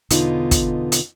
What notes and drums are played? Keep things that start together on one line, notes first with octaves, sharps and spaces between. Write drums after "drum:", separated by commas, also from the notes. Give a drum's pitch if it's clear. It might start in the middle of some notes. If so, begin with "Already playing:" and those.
E2 B2 D3 B3 D#4 F4, drum: hi-hat
drum: kick, hi-hat
drum: hi-hat